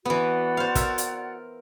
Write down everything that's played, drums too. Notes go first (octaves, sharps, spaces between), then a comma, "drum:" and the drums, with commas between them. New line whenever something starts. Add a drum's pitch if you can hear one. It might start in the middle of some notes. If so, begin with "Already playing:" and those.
E3 B3 F#4 D5 F#5
C5 F5
A#4 E5 F5, drum: kick, hi-hat
drum: hi-hat